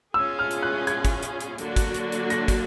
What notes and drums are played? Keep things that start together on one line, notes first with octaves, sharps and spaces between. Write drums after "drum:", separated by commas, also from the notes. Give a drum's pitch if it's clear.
C#4 F4 G#4 E6
F6
drum: hi-hat
F#6
G#6, drum: hi-hat
drum: kick, hi-hat
drum: hi-hat
drum: hi-hat
D3 F#3 A#3 D4 F#4, drum: hi-hat
drum: kick, hi-hat
drum: hi-hat
drum: hi-hat
A#6, drum: hi-hat
drum: kick, hi-hat